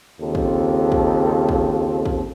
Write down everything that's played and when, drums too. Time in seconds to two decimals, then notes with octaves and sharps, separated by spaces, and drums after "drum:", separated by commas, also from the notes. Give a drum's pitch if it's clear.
0.21 D#2 C#3 C4 F4 A4
0.35 drum: kick
0.92 drum: kick
1.49 drum: kick
2.06 drum: kick